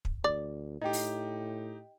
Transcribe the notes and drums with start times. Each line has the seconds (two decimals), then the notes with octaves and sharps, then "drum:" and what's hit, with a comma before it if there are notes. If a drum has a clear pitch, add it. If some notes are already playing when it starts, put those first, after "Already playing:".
0.05 drum: kick
0.24 D2 D5
0.82 A2 D#4 G4 D#5 G5
0.93 drum: open hi-hat